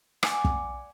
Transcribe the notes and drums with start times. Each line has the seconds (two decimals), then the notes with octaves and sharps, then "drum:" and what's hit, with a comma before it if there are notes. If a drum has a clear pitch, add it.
0.23 D5 F#5 G#5 D6, drum: rim click
0.45 drum: kick